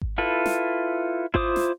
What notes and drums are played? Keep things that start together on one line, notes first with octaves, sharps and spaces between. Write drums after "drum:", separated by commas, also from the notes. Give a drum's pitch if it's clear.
drum: kick G#1
E4 F4 A4 B4
drum: snare
E4 F4 C5 D6 D#6, drum: kick G#1
drum: snare